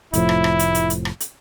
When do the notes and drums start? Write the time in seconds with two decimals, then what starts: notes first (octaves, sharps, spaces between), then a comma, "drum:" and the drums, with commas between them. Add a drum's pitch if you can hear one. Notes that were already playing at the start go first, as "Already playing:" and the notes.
0.13 F1 A2 F3 E4, drum: hi-hat
0.29 drum: rim click
0.44 drum: rim click
0.59 drum: hi-hat
0.75 drum: hi-hat
0.90 drum: hi-hat
1.05 drum: rim click
1.20 drum: hi-hat